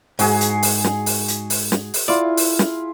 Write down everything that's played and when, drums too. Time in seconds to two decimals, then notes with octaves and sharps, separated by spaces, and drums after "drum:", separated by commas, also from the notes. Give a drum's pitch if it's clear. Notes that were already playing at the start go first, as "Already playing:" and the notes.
0.19 G#2 F#4 G#4 G#5, drum: open hi-hat
0.41 drum: hi-hat
0.63 drum: open hi-hat
0.84 drum: snare
1.06 drum: open hi-hat
1.28 drum: hi-hat
1.50 drum: open hi-hat
1.72 drum: snare
1.94 drum: open hi-hat
2.08 E4 F4 D5
2.37 drum: open hi-hat
2.59 drum: snare